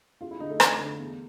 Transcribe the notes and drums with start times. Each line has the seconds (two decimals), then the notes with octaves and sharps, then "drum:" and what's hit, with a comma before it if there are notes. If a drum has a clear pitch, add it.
0.21 F2 F4
0.31 E4
0.40 D3 D#4
0.50 A3
0.60 F2, drum: rim click
0.79 D3
0.99 E2